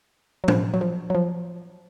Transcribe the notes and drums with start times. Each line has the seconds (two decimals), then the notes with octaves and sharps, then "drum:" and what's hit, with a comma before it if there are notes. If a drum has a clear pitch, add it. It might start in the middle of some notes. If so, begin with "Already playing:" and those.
0.44 F#3
0.48 F3, drum: tom
0.74 F#3
0.81 F3
1.10 F#3
1.15 F3